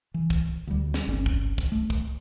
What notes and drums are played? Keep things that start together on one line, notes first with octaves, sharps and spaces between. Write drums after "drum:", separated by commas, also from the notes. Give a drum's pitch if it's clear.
E3
drum: kick
D2 G3
drum: snare
G1 C4 C#4
drum: kick
drum: kick
A3
drum: kick